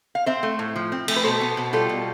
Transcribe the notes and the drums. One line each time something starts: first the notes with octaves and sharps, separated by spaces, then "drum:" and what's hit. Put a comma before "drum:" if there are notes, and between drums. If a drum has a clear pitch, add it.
F5
C4 C5 E5
A3
A2
F3
C4
A3, drum: cymbal
B4
B2 A4 C5
B3
B2
G3 F4 A4
B2